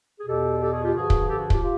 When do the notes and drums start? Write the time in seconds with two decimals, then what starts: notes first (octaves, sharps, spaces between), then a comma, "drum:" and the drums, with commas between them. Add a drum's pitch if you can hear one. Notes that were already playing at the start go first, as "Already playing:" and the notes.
0.17 G#4
0.26 E2 B2 G4 A4
0.60 G4 A4
0.71 F#4 G#4
0.83 F4 G4
0.93 G2 D3 F3 F#4 G#4
1.10 drum: kick
1.27 G4 A4
1.38 F#4 G#4
1.50 F4 G4, drum: kick
1.61 F4 G4